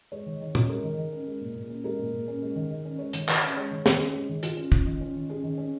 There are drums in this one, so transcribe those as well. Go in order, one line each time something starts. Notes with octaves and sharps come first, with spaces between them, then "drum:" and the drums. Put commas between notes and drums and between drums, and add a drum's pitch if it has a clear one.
G#3 C#5
D#3
D#3
C#4, drum: tom
G#3 A#4
D#3
D#3
C#4
G#3
A#2
A#2
C#4
G#3 A#4
A#2
A#2
C#4
G#3
D#3
D#3
C#4
G#3 C#5
D#3, drum: hi-hat
D#3, drum: clap
C#4
G#3 C#5
D#3
D#3, drum: snare
C#4
G#3 G#4
D#3
D#3 F4, drum: hi-hat
C#4
C#4, drum: kick
D#3
C#4
D#3
C#4 G#4
D#3
C#4